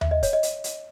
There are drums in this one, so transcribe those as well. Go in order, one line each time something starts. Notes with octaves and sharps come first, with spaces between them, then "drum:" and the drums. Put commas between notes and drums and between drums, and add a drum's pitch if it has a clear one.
E5, drum: tom D#2
D#5
C#5, drum: kick, hi-hat
D#5
drum: hi-hat
drum: hi-hat